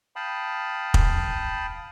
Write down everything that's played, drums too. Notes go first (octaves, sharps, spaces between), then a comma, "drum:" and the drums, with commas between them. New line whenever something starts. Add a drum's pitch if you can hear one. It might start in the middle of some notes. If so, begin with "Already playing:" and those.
F5 G5 A5 B5 D#6
drum: kick